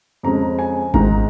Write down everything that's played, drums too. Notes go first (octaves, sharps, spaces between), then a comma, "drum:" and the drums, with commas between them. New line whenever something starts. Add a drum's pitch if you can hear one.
F2 C#3 G#3 A#5
G#5
G#2 D#3 G#3 A#5, drum: kick G#1